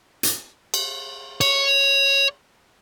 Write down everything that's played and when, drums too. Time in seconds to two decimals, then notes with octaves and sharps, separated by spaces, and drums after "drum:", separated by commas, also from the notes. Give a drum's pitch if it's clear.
0.23 drum: hi-hat
0.74 drum: cymbal
1.41 C#5, drum: cymbal